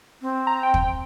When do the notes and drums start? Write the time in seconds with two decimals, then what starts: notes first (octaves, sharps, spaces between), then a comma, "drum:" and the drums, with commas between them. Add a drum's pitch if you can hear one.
0.21 C4
0.47 A#5
0.63 G5
0.74 drum: kick